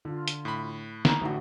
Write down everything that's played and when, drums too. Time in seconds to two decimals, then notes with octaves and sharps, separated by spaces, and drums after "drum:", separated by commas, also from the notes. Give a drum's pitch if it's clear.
0.05 D3 F4
0.28 drum: hi-hat
0.45 A2 B5
1.05 A#5, drum: snare
1.21 A1 D3 F#4